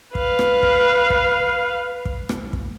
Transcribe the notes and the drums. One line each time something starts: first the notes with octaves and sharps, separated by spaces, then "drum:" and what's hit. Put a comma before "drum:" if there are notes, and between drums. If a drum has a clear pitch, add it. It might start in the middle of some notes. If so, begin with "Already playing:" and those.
B4 F5, drum: kick
drum: rim click
drum: kick
drum: kick
drum: kick
drum: rim click
drum: kick